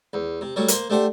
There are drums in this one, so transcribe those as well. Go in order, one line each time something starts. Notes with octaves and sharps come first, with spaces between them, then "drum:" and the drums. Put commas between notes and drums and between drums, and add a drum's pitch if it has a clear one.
E2
C3
F#3 G3 A3 C#5
A#3 C5, drum: hi-hat
A3 D4 G4 C5 F#5